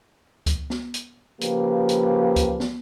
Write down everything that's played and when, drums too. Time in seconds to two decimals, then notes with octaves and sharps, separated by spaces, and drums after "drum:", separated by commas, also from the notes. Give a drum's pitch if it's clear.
0.46 drum: kick C#2, hi-hat
0.70 drum: snare
0.94 drum: hi-hat
1.41 C#3 F3 A#3 G4 B4, drum: hi-hat
1.89 drum: hi-hat
2.36 drum: kick C#2, hi-hat
2.60 drum: snare